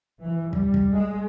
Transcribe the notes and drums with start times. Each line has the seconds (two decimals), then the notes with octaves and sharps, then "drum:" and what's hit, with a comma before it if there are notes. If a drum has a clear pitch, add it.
0.22 E3
0.53 G3, drum: kick
0.74 drum: kick
0.93 G#3